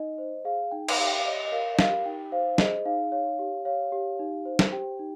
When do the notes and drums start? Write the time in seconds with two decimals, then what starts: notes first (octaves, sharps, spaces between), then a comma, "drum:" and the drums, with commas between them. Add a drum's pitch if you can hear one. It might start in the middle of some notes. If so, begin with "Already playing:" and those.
Already playing: D#4 D#5
0.18 C5
0.45 G#4 F5
0.71 D#4 G5
0.88 drum: cymbal
0.99 G4 F5
1.07 G5
1.16 F5
1.26 C#5 D#5
1.45 D#5
1.52 A#4 F5
1.74 D#5
1.79 G4 F5, drum: snare
2.06 D#4 G5
2.32 C5 F5
2.58 G#4 D#5, drum: snare
2.85 D#4 F5
3.12 C#5 F5
3.39 G4
3.65 C#5 F5
3.92 G4
4.19 D#4
4.45 C5
4.59 drum: snare
4.72 G4 G5
4.99 D#4